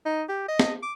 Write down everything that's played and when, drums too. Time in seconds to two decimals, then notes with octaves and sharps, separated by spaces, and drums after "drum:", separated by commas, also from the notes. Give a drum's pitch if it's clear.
0.05 D#4
0.29 G4
0.48 D#5
0.59 drum: snare
0.82 D6